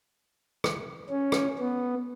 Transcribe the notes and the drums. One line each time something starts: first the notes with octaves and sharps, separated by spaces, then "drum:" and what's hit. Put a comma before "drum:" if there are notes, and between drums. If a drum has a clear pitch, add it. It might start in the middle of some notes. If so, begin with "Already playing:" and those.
drum: rim click
C#4
drum: rim click
B3